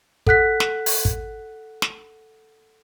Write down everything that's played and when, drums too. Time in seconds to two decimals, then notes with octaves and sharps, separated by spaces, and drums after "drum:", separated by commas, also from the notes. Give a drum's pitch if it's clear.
0.27 A4 F#5 F#6 B6, drum: kick
0.60 drum: snare
0.86 drum: open hi-hat
1.05 drum: kick
1.82 drum: snare